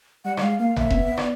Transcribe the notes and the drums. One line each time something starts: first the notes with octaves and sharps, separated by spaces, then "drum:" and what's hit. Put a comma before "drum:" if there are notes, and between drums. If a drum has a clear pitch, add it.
G3 F#5
F#5, drum: rim click
G#3 F5
A#3 F5
A#3 E5, drum: tom G#1
C4, drum: kick E1
B3
B3
D5, drum: rim click